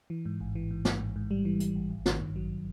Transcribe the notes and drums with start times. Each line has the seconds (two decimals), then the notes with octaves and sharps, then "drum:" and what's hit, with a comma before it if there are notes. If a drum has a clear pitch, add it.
0.10 E3
0.25 G#2
0.41 A1
0.55 E3
0.71 G#2
0.85 G#2, drum: snare
1.01 A1
1.16 G#2
1.31 G3
1.45 E3
1.60 G3, drum: hi-hat
1.75 A1
1.91 G#1
2.06 D#3, drum: snare
2.21 G2
2.36 F#3